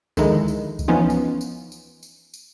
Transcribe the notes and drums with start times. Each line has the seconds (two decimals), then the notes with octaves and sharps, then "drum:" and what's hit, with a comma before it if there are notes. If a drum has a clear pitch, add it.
0.17 D3 D#3 F3 G#3 D#4 E4, drum: kick C2, tambourine
0.48 drum: tambourine
0.79 drum: kick C2, tambourine
0.88 E3 F3 B3 C#4 D#4 F4
1.10 drum: tambourine
1.41 drum: tambourine
1.72 drum: tambourine
2.03 drum: tambourine
2.34 drum: tambourine